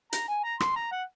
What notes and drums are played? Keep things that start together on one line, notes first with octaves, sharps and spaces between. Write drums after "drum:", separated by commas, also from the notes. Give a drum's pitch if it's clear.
A#5, drum: hi-hat
G#5
A#5
C6, drum: rim click
A#5
F#5